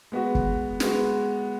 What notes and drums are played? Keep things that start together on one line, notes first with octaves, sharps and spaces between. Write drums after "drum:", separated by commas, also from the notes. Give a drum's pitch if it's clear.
G#3 B3 F#4
drum: kick
G#3 B3 F#4, drum: snare